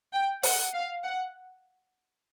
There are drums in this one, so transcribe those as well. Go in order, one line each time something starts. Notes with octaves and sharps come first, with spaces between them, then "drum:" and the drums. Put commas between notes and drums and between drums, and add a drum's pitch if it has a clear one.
G5
F#5, drum: open hi-hat
F5
F#5